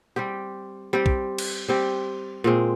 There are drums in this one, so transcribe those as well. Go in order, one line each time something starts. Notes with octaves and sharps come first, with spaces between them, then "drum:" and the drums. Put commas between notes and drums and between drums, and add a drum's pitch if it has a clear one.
G3 C4 G4
G3 C4 G4
drum: kick
drum: cymbal
G3 C4 G4
A#2 G#3 C4